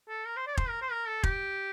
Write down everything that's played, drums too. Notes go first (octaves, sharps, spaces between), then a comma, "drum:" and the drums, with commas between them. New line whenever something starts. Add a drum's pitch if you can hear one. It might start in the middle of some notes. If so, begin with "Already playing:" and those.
A4
A#4
C5
D5
C5, drum: kick F1
A#4
C5
A#4
A4
G4, drum: kick F1